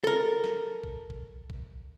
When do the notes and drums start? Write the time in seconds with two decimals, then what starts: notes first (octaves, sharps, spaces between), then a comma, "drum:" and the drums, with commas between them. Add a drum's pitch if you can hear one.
0.04 A4 A#4
0.44 drum: snare
0.84 drum: kick
1.10 drum: kick
1.50 drum: kick